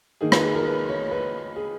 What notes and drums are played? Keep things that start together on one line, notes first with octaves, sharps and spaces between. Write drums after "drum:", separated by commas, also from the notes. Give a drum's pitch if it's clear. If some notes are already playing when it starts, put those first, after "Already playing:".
D#3 A#3 D#4 G#4
B4, drum: rim click
G#4
A#4
B4
C#5
B4
G#4